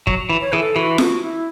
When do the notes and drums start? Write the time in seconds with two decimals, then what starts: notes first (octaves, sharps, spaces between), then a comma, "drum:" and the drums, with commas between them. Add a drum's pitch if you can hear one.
0.07 F#3, drum: kick
0.29 E3
0.41 C#5
0.53 E3 G#4
0.59 A4
0.76 E3 F#4
0.98 F#4, drum: snare F4
1.22 E4